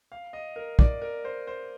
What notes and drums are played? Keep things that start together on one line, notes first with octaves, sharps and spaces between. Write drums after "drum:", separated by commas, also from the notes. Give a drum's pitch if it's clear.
F5
D#5
A#4
D5, drum: kick
A#4
C5
C5